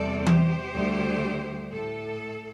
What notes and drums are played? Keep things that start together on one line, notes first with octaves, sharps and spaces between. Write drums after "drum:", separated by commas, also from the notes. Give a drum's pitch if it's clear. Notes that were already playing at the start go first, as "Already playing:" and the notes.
Already playing: E2 C3 G3 A4 D5
G4 C5, drum: tom E3
D2 D3 G3
A2 A4